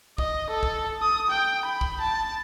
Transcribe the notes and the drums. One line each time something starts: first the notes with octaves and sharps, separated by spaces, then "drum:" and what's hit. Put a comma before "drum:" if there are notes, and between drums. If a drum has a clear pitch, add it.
D#5, drum: kick
A4
drum: kick
D#6
G5
B5
drum: kick
A5